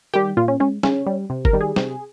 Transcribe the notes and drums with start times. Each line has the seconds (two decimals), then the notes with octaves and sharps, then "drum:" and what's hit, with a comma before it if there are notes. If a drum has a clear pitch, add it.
0.14 D#3 G3 G4
0.37 A#2 F4
0.48 C#4
0.60 G#3 C#4
0.83 C#3 C#4, drum: snare
1.06 G3
1.30 C3
1.45 A#4, drum: kick
1.53 D#3 G3
1.61 G#4
1.76 C3, drum: snare